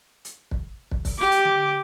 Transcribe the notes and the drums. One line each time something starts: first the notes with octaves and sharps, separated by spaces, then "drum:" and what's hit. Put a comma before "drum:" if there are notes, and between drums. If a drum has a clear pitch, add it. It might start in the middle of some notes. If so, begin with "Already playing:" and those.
drum: hi-hat
drum: kick
drum: kick
drum: kick, open hi-hat
G4 D6
drum: hi-hat
drum: tom D3